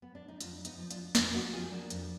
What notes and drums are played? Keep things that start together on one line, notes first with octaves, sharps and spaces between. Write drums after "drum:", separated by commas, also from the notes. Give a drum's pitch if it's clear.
B3
D4
D#4
F2 D4 F4, drum: hi-hat
B3 D#4, drum: hi-hat
F3
D4 F4, drum: hi-hat
F2 D4 F4, drum: snare
D#4 F#4
F3 F4 G#4
A#3 D4
F2, drum: hi-hat